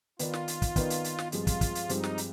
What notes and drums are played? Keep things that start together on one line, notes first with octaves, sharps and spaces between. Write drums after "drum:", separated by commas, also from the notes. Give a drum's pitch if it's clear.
D#3 B3 D#4 F4 B4 D5, drum: hi-hat
drum: snare
drum: hi-hat
drum: kick, hi-hat
D#3 B3 D#4 B4 D5, drum: kick, hi-hat
drum: hi-hat
drum: hi-hat
drum: snare
G2 F3 G#3 C4 F4, drum: hi-hat
drum: kick, hi-hat
drum: kick, hi-hat
drum: hi-hat
G2 F3 G#3 C4 D#4, drum: hi-hat
drum: snare
drum: hi-hat